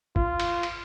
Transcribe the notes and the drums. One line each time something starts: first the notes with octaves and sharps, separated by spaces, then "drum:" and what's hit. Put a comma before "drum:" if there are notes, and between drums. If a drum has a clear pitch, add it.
F4, drum: kick
drum: cymbal
drum: cymbal